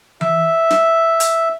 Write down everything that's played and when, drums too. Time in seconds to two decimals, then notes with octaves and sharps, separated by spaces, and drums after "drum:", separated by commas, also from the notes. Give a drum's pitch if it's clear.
0.21 E5, drum: tom E3
0.70 drum: snare
1.20 drum: hi-hat